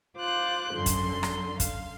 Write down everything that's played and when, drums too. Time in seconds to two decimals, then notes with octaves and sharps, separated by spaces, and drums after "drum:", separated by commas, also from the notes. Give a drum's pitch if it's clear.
0.17 F4 C5 D6 F#6
0.74 F#2 D3 C6
0.86 drum: kick, hi-hat
1.23 drum: rim click
1.60 F5, drum: kick, hi-hat